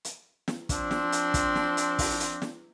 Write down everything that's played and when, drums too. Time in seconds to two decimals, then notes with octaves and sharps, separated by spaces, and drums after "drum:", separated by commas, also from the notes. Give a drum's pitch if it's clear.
0.05 drum: hi-hat
0.48 drum: snare
0.69 F3 C4 D4, drum: kick, hi-hat
0.91 drum: snare
1.12 drum: hi-hat
1.34 drum: kick, hi-hat
1.55 drum: snare
1.77 drum: hi-hat
1.99 drum: kick, open hi-hat
2.20 drum: hi-hat
2.42 drum: snare